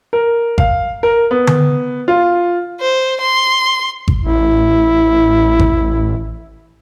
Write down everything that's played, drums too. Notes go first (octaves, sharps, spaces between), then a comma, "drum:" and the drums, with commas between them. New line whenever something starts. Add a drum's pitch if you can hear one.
A#4
F5, drum: kick G#1
A#4
B3
drum: tom D3
F4
C5
C6
drum: kick G#1
A1 E4
drum: kick G#1